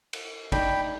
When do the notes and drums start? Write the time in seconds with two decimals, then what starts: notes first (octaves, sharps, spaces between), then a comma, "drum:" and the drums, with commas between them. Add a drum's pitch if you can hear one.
0.13 drum: cymbal
0.52 A3 D4 D#4 G5 B5, drum: kick G#1, cymbal